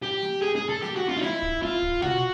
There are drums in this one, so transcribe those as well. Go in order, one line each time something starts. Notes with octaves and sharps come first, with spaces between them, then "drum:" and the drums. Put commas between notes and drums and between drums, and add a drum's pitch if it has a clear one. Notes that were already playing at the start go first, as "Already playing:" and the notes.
G4
drum: snare
G#4
G#4
A4
G4, drum: snare
F#4
F4
D#4
E4, drum: snare
drum: kick
F4
drum: kick
F#4, drum: tom B2